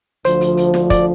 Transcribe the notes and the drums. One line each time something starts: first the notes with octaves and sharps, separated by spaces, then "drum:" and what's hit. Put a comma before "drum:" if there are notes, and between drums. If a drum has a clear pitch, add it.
D2 D3 F3 C5, drum: hi-hat
drum: hi-hat
drum: hi-hat
drum: snare
D5, drum: kick, hi-hat